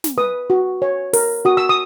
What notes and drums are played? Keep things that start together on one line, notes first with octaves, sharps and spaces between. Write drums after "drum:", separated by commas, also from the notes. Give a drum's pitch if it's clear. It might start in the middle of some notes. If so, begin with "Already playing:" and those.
drum: snare
B4 D#6
F#4
C#5
A#4, drum: open hi-hat
F#4 D#6
E6
D#6